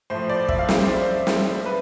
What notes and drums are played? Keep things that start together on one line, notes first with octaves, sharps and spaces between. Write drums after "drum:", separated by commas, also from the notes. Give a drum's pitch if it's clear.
A2 F3 C5
D5
E5, drum: kick
F5
E5, drum: snare
C5
drum: snare
B4